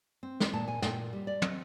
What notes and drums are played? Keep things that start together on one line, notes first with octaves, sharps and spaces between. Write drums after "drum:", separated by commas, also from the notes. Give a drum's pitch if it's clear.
C4
drum: snare
A#2 A5
G#5
A#2 G5, drum: snare
G3
D5
C4 D#5, drum: tom